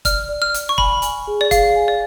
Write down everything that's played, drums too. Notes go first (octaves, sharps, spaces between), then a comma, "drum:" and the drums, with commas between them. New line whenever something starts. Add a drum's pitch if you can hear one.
D5 F6, drum: kick, hi-hat
D5
F6
D5, drum: hi-hat
C#6
G#5 B5, drum: kick
G#5, drum: hi-hat
G#4
D5
G#4 F5, drum: kick, hi-hat
G#5
D5